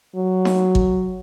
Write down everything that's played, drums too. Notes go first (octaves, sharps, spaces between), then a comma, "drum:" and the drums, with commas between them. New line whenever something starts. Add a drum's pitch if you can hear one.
F#3
drum: snare D#4
drum: kick